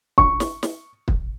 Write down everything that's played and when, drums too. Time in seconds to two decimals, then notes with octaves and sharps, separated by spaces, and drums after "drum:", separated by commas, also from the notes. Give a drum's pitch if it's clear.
0.18 C#6, drum: kick
0.40 drum: snare
0.63 drum: snare
1.08 drum: kick